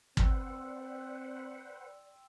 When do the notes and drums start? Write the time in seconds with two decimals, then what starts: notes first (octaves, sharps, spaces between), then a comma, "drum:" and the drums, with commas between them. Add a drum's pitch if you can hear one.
0.17 C4 B4 C5 D5 F#5 G5 C6 E6, drum: kick